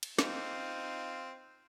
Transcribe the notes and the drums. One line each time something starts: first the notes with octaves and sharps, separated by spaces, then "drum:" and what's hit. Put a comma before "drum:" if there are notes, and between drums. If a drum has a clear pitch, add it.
drum: cymbal
C4 D#4 F4, drum: snare